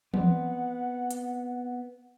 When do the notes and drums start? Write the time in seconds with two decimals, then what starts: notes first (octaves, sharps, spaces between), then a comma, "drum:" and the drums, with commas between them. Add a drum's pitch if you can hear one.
0.14 B3 C4 D5 F#5, drum: tom E3
1.11 drum: hi-hat